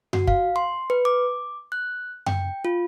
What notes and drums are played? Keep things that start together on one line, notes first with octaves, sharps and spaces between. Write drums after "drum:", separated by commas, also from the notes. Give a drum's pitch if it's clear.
F#4, drum: tom F#2
F5, drum: kick
C6
B4
D6
F#6
G5, drum: tom F#2
F4